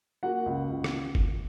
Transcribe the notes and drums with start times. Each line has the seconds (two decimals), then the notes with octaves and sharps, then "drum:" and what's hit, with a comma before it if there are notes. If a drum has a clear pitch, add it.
0.23 A#3 F#4 F#5
0.46 C#2
0.69 C#2
0.84 drum: rim click
1.15 drum: kick G1